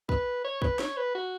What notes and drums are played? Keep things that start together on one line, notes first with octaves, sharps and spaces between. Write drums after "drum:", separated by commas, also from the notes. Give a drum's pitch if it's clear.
B4, drum: kick
C#5
B4, drum: kick
C#5, drum: snare
B4
F#4